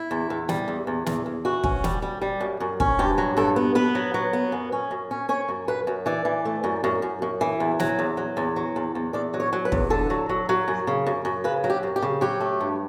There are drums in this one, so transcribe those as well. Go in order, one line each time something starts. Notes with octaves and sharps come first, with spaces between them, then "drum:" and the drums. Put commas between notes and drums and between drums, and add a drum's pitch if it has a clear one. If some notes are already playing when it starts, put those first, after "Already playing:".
Already playing: E4
E2
E2
G3, drum: snare
E2
E2
E2, drum: snare
E2
E3 F#4
C#4, drum: kick
G3, drum: snare
G3
G3
F#2
F#2
C#4, drum: kick
G2 G4
F#3
G2 A4
B3
B3 B4
F#3
F#3
B3
F#2
C#4
F#2
C#4
C#4 C#5
F#2
F#2 B4
F#2
E3 D5
E3
A3
F#2
F#2
F#2
F#2
E3
E2
F#3, drum: snare
E2
F#3
E2
F#3
E2
E2
E2 D5
F#3
C#5
F#3
B4
E2, drum: kick
D3 A4
F#3
F#3
F#3
F#2
C#3
F#2
F#2
C#3 B4
F#3
G4
F#2
G4
C#3
F#3 G4
A3
G2